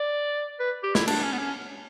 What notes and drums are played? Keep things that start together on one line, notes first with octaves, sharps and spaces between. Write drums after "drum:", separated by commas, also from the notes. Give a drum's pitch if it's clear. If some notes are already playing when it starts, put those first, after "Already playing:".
Already playing: D5
B4
G4
E4, drum: snare
D4, drum: cymbal
C#4
B3
C#4